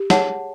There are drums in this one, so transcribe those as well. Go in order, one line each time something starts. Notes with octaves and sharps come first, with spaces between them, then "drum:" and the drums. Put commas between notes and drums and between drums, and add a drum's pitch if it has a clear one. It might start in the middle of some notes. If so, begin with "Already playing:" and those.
Already playing: G4
G#4 C#5 F#5 A5, drum: snare